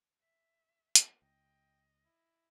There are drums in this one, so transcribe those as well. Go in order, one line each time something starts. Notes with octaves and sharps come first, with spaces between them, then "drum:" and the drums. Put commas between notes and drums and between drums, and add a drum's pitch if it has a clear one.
E5
drum: hi-hat
C#2 D#5 G5
E4